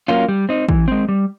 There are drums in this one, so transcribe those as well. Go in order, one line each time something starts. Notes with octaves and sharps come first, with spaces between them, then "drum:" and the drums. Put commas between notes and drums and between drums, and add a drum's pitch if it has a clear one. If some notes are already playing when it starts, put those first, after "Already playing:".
F#3 A#3 C#4 F4
G3
C4 D#4
E3, drum: kick
G#3 C4
G3